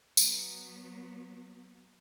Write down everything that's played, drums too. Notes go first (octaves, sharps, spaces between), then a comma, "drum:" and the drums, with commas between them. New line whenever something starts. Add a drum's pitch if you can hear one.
F#3 B3, drum: tambourine